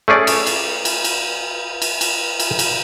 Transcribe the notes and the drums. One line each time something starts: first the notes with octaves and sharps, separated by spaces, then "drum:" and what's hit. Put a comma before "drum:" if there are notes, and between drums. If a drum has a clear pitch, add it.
A3 C#4 G#4 D5
drum: cymbal
drum: cymbal
drum: cymbal
drum: cymbal
drum: cymbal
drum: cymbal
drum: cymbal
drum: cymbal